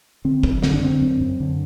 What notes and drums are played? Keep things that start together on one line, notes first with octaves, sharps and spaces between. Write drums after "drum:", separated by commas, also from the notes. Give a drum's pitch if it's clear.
D3 C4
F#2, drum: kick
D3 C4, drum: snare
D4
D3 C4
F#2
F#2
D3